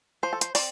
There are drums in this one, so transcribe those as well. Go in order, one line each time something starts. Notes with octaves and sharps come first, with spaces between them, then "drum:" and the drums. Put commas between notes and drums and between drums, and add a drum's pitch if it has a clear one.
F3 C5
A4
C5, drum: hi-hat
C4 D5, drum: open hi-hat